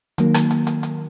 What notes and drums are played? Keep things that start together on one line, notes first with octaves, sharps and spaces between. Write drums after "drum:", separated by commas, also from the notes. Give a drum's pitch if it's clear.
D#3 F#3 A#3, drum: hi-hat
drum: rim click
drum: hi-hat
drum: hi-hat
drum: hi-hat